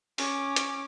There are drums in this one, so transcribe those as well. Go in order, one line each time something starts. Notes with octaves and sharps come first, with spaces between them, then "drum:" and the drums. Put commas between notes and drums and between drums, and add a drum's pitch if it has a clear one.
C#4 D6, drum: open hi-hat
drum: hi-hat